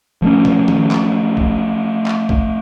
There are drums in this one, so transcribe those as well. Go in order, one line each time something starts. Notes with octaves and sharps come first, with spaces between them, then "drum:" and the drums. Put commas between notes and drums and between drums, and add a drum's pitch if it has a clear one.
F3 A3 C#4
drum: tom
drum: tom D#3
drum: clap
drum: kick
drum: clap
drum: kick